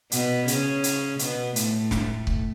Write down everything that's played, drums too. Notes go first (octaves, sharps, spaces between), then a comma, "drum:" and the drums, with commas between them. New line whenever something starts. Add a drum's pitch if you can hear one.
B2 B3, drum: hi-hat
C#3 C#4, drum: hi-hat
drum: hi-hat
B2 B3, drum: hi-hat
A2 A3, drum: hi-hat
drum: snare
drum: kick C#1